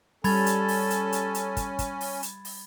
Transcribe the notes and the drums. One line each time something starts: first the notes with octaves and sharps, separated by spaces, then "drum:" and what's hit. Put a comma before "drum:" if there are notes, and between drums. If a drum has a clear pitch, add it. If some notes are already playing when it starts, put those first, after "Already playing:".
G3 C#4 A4 B5 G#6 A6, drum: open hi-hat
drum: hi-hat
drum: open hi-hat
drum: hi-hat
drum: hi-hat
drum: hi-hat
drum: kick, hi-hat
drum: kick, hi-hat
drum: open hi-hat
drum: hi-hat
drum: open hi-hat